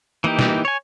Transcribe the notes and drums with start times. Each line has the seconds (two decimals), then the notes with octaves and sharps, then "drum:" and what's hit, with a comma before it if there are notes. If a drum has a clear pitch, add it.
0.24 E3 A#3 D#4 G4
0.39 drum: snare
0.65 C#5 G#5